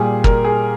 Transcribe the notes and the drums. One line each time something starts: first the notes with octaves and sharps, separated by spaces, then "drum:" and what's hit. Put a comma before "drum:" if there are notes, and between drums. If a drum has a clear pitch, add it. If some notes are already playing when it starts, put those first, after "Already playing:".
Already playing: A#2 G3 G#4
A#4, drum: kick
G#4